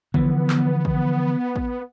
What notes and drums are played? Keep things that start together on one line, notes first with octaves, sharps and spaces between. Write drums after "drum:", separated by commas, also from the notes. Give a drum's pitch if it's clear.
D3 E3 F3 B3, drum: kick
drum: clap
drum: kick
drum: kick